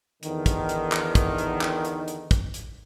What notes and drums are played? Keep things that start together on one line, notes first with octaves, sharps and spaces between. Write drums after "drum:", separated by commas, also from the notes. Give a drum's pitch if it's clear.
E2 D3 D#3, drum: hi-hat
drum: kick, hi-hat
drum: hi-hat
drum: clap
drum: kick, hi-hat
drum: hi-hat
drum: clap
drum: hi-hat
drum: hi-hat
drum: kick, hi-hat
drum: hi-hat